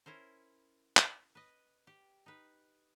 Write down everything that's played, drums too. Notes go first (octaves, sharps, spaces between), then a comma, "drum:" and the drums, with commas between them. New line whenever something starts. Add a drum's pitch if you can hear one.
C#4 E4 A#4 C5
drum: clap
B4 D#5
G4
D#4 B4